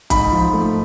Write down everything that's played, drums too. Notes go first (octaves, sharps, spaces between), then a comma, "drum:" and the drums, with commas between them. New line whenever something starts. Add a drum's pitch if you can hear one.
G#2 B5, drum: kick, hi-hat
F3
A3